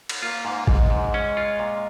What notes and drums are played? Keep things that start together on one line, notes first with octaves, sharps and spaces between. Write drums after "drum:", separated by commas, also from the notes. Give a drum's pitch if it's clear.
drum: cymbal
A#3 F4
G#2
G#2 G#3, drum: kick A1
G#2
C#4
F4
A#2